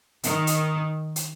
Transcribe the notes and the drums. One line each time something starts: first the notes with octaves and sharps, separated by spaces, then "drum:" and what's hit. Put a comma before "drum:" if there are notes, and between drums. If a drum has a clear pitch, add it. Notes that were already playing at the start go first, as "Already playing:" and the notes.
D#3, drum: hi-hat
drum: hi-hat
drum: hi-hat